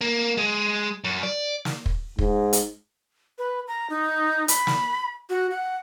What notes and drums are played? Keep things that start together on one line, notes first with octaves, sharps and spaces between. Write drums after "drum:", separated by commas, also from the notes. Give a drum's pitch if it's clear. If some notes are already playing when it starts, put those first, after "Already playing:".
A#3
G#3
F#2
D5
drum: snare
drum: kick
G#2, drum: kick
drum: hi-hat
B4
A#5
D#4
B5, drum: hi-hat
drum: snare
F#4
F#5